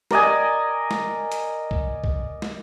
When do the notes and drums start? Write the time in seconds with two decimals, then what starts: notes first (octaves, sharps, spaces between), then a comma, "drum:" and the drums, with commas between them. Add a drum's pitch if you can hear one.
0.11 A#4 D5 D#5 G#5, drum: snare
0.91 drum: snare
1.32 drum: hi-hat
1.71 drum: kick
2.04 drum: kick
2.42 drum: snare